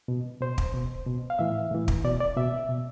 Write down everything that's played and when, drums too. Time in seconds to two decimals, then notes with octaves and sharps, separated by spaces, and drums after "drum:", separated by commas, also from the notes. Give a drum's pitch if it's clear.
0.08 B2
0.41 B2 C5
0.58 drum: kick
0.73 B2
1.06 B2
1.30 F5
1.39 A2 E3 E5
1.71 A2 E3
1.88 drum: kick
2.04 B2 D5
2.20 D5
2.36 B2 E5
2.69 B2